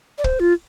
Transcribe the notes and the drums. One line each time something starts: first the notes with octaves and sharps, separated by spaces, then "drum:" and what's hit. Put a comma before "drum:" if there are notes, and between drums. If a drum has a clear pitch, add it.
D5
C5, drum: kick
F4